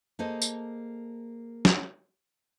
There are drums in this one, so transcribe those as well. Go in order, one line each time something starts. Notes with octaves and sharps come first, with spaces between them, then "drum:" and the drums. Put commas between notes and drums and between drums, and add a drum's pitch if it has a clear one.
A#3 G#4 A4 C5 D#5
drum: tambourine
drum: snare